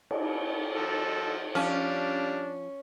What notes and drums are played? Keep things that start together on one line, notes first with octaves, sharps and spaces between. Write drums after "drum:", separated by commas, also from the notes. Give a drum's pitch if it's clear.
drum: cymbal
F3 F#4 A4
F3 G3 C#4 D4 F5